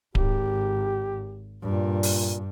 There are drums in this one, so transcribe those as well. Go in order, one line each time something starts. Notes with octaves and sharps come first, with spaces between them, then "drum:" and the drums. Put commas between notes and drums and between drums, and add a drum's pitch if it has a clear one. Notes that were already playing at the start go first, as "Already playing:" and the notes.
G#1 G4, drum: kick D1
G2 A#2
drum: open hi-hat